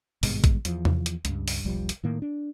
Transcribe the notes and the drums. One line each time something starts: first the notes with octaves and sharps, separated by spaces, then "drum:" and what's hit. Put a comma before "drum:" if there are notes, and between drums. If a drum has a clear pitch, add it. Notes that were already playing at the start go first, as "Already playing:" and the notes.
G#1 G2 B2 G#3, drum: open hi-hat
drum: kick A1, hi-hat
E2 F3, drum: hi-hat
drum: tom E2
drum: hi-hat
C#2 G2, drum: hi-hat
drum: open hi-hat
E1 B1 F3 G3
drum: hi-hat
A2 D#3 A#3
D4